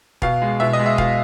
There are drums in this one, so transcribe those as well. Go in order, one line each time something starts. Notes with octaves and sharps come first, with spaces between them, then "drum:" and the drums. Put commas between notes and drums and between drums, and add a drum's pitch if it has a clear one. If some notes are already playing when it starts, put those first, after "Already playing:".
B2 F5, drum: kick E1
G#3
B2 E5
D#5
G#3
E5
B2 F5, drum: kick E1